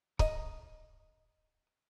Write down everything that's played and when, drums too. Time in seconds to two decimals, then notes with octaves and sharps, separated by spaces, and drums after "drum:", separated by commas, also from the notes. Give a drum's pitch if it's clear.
0.19 D#5 A#5, drum: kick C#1